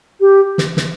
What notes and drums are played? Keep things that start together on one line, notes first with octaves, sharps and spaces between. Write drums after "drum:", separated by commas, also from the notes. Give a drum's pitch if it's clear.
G4
drum: snare
drum: snare